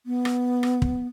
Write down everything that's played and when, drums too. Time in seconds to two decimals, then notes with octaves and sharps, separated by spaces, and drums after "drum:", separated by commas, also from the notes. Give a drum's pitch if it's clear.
0.06 B3
0.25 drum: rim click
0.63 drum: rim click
0.82 drum: kick